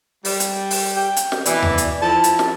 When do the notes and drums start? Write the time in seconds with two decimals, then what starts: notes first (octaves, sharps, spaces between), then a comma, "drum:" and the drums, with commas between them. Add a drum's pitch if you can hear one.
0.25 G3, drum: open hi-hat
0.40 drum: hi-hat
0.71 drum: open hi-hat
0.97 G5
1.16 drum: hi-hat
1.32 drum: snare
1.46 B2 E3 D5, drum: hi-hat
1.62 drum: tom D#2
1.78 drum: hi-hat
2.02 F3 E4 A5
2.24 drum: hi-hat
2.39 drum: snare